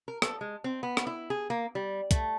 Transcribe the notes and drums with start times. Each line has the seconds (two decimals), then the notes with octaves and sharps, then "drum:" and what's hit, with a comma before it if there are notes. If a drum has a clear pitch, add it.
0.08 A#4
0.22 A4, drum: rim click
0.41 G#3
0.64 C4
0.83 B3
0.97 drum: rim click
1.07 E4
1.30 G#4
1.50 A#3
1.75 G3
2.11 A3, drum: kick, hi-hat